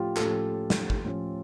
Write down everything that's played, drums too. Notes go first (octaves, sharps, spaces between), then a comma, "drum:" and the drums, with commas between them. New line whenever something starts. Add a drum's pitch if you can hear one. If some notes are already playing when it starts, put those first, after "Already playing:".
Already playing: A2 F3 C#4 F4 G4
A4, drum: clap
A2 F3 C#4 G4
drum: snare
drum: kick
A2 F3 C#4